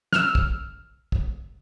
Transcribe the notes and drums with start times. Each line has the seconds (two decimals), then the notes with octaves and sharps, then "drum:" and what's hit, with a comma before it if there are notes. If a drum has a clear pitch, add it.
0.13 E6 F6, drum: snare
0.35 drum: kick
1.12 drum: kick